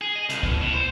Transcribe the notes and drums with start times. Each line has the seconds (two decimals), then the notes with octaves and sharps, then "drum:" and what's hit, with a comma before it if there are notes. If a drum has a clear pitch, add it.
0.01 G#4
0.15 D#5
0.29 C2, drum: hi-hat
0.43 B2, drum: kick
0.62 A2
0.74 C5